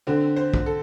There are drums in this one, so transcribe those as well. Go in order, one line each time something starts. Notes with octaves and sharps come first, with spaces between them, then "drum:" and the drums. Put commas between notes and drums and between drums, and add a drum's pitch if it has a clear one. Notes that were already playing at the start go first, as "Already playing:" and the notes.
D3 C4
C5
drum: kick B1
A4